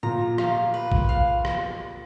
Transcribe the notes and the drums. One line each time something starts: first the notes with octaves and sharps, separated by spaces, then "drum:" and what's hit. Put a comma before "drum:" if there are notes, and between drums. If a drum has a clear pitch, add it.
A#2 A#5
F5, drum: rim click
B4
drum: kick
F5
drum: rim click